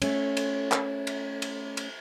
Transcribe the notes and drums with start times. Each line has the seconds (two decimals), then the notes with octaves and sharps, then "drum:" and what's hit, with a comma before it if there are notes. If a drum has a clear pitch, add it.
0.02 A3 C#4, drum: cymbal
0.37 drum: cymbal
0.72 drum: clap
1.07 drum: cymbal
1.42 drum: cymbal
1.77 drum: cymbal